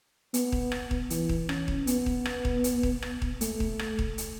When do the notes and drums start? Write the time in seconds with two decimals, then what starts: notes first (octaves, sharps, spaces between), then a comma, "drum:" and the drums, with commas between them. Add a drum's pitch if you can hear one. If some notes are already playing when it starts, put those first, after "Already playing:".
0.34 B3, drum: hi-hat
0.52 drum: kick D#1
0.72 drum: rim click
0.91 drum: kick D#1
1.10 E3, drum: hi-hat
1.29 drum: kick D#1
1.49 C#4, drum: rim click
1.68 drum: kick D#1
1.87 B3, drum: hi-hat
2.06 drum: kick D#1
2.25 drum: rim click
2.45 drum: kick D#1
2.64 drum: hi-hat
2.83 drum: kick D#1
3.02 drum: rim click
3.22 drum: kick D#1
3.41 A3, drum: hi-hat
3.60 drum: kick D#1
3.79 drum: rim click
3.99 drum: kick D#1
4.18 drum: hi-hat